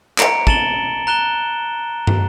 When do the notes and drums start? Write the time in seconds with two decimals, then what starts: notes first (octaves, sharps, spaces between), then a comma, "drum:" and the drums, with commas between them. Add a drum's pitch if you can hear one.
0.19 A#5 C#7 D7, drum: clap
0.47 A5 A6 E7 F#7 G7, drum: kick
1.07 A#5 F#6 E7 G7
2.07 drum: tom